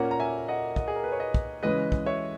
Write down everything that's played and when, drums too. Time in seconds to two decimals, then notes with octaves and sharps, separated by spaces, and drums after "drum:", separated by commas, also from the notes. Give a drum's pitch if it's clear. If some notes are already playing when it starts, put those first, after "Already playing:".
Already playing: A#2 A#3 C#4 F#5 A#5
0.11 A#5
0.20 E5 G#5
0.48 D#5 F#5
0.76 D#5 F#5, drum: kick
0.88 G#4
0.96 A#4
1.04 B4
1.12 C#5
1.20 B4 D#5
1.34 drum: kick
1.63 C#3 E3 G#3 B4 D#5
1.92 drum: kick
2.06 C#5 E5